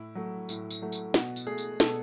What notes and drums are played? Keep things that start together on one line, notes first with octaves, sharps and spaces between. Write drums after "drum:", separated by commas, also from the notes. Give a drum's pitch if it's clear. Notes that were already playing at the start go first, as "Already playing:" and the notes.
Already playing: A2 E4
F#3 A3
A2, drum: tambourine
drum: tambourine
F#3 A3
drum: tambourine
B2 F#4, drum: snare
drum: tambourine
A3 G#4
drum: tambourine
B2 A4, drum: snare